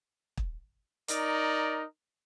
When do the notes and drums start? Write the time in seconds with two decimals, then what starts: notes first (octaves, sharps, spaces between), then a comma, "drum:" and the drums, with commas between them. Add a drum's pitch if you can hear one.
0.37 drum: kick
1.08 D#4 A#4 D5, drum: hi-hat